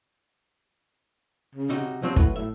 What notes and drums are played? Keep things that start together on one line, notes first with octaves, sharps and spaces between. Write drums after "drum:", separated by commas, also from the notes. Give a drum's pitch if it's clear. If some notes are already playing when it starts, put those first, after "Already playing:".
C#3
C3 D#4 F#4
C3 F3 F#3 C4
A2 F#3 B4, drum: kick
A2 E5